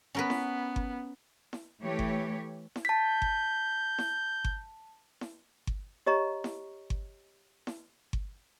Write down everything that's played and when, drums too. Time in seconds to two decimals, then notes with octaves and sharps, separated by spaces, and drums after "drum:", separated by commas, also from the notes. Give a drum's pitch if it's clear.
0.15 B3 C#4 A#4 B4
0.30 drum: snare E4
0.76 drum: kick G1
1.53 drum: snare E4
1.82 E3 A3 G4 C#5
1.99 drum: kick G1
2.76 drum: snare E4
2.85 A5 G6 B6
3.22 drum: kick G1
3.98 drum: snare E4
4.44 drum: kick G1
5.21 drum: snare E4
5.67 drum: kick G1
6.06 G4 C#5 D#5 A#5 C#6
6.44 drum: snare E4
6.90 drum: kick G1
7.67 drum: snare E4
8.13 drum: kick G1